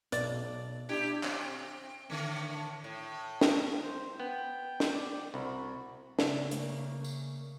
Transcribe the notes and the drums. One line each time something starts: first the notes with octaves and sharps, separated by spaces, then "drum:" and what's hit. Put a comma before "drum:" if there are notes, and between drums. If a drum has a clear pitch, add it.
B1 D5, drum: hi-hat
D4 E4 G4
C4, drum: clap
A2 D3 A3
A2
drum: snare
C5
B3 G5
drum: snare
D5
C2 F#4 B5
C#3 D5 E5, drum: snare
A3 A#3, drum: hi-hat
drum: tambourine